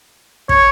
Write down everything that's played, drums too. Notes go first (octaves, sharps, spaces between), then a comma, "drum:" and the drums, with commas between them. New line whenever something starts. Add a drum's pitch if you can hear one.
C#5, drum: kick